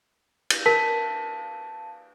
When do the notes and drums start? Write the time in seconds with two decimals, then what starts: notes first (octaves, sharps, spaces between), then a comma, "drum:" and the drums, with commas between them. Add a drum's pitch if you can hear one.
0.50 drum: cymbal
0.66 A#4 A5 B6